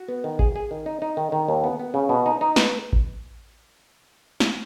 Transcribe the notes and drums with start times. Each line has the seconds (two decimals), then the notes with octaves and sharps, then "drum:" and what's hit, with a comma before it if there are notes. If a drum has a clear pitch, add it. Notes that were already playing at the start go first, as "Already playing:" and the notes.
Already playing: F#4
0.08 B3
0.24 D#3
0.39 G#4, drum: kick A1
0.56 G#4
0.71 D#3
0.86 D#4
1.02 D#4
1.17 D#3
1.32 D#3
1.49 D#2
1.64 B3
1.79 B3
1.94 C#3
2.09 B2
2.26 D#4
2.41 D#4
2.56 B4, drum: snare
2.93 drum: kick A1
4.40 drum: snare